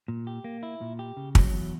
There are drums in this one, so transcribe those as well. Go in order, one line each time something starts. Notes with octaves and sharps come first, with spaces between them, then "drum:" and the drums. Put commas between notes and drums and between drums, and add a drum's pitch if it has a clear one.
A#2
G4
A#3
E4
A#2
G4
C#3
F#3, drum: kick
E2